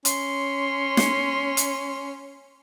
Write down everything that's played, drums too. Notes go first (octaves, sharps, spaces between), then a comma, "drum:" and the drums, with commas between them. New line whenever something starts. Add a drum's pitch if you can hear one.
C#4 C6, drum: hi-hat
drum: snare
drum: hi-hat